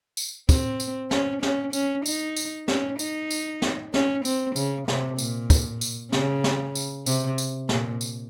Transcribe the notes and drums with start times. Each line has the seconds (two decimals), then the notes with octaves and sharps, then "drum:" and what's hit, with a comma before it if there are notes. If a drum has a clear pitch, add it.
0.17 drum: tambourine
0.49 C4, drum: kick, tambourine
0.80 drum: tambourine
1.11 C#4, drum: snare
1.43 C#4, drum: snare
1.73 C#4, drum: tambourine
2.06 D#4, drum: tambourine
2.36 drum: tambourine
2.68 C#4, drum: snare
2.99 D#4, drum: tambourine
3.31 drum: tambourine
3.62 drum: snare
3.94 C#4, drum: snare
4.25 C4, drum: tambourine
4.56 C#3, drum: tambourine
4.88 C3, drum: snare
5.18 A#2, drum: tambourine
5.50 drum: kick, tambourine
5.81 drum: tambourine
6.12 C#3, drum: snare
6.44 drum: snare
6.75 drum: tambourine
7.06 C3, drum: tambourine
7.38 drum: tambourine
7.69 A#2, drum: snare
8.01 drum: tambourine